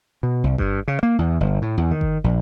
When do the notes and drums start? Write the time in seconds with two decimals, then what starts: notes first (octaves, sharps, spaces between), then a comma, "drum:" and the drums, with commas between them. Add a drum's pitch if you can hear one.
0.23 B2
0.44 C2
0.58 G2, drum: kick G1
0.88 C#3
1.03 A#3
1.19 E2
1.40 G1
1.62 A2
1.77 E2
1.91 D#3
2.01 drum: kick G1
2.24 A#1